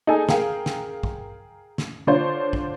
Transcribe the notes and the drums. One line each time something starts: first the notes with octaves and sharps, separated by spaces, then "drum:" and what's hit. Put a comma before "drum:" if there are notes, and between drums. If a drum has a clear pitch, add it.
D#4 G#4 A4 G#5
G#4 A#4 F5 G5, drum: snare
drum: snare
drum: kick
drum: snare
D3 D4 F4 C5 C#5
drum: kick